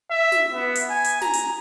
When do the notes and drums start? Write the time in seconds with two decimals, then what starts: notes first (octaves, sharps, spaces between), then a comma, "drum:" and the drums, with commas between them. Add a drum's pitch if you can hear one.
0.11 E5
0.32 drum: snare
0.53 B3
0.75 drum: hi-hat
0.90 G#5
1.04 drum: hi-hat
1.22 A#5, drum: snare
1.33 drum: hi-hat